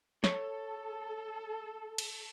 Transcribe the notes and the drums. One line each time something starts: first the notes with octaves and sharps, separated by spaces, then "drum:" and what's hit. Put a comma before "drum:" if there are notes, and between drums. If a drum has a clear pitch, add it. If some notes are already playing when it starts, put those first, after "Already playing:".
A4 C#5, drum: snare
drum: cymbal